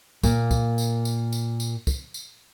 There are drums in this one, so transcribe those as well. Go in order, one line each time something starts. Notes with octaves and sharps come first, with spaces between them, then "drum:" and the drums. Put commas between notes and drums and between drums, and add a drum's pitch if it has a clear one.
A#2 A#3, drum: kick, tambourine
drum: kick, tambourine
drum: tambourine
drum: tambourine
drum: tambourine
drum: tambourine
drum: kick, tambourine
drum: tambourine